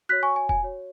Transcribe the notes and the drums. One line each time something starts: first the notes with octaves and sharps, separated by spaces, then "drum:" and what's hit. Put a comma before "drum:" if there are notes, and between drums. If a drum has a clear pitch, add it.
F#4 C#5 F#6 B6
G#5 C#6
G#5
G#5, drum: kick E1
F#4 C#5